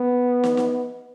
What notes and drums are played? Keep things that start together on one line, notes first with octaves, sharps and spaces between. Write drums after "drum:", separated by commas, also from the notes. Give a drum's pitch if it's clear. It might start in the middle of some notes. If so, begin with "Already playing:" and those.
Already playing: B3
drum: snare
drum: snare